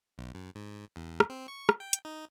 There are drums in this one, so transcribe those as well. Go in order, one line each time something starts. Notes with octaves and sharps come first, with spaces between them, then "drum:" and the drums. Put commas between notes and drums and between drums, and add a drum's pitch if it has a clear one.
B1
F#2
G#2
E2
drum: rim click
C4
C#6
drum: rim click
G5
drum: hi-hat
D#4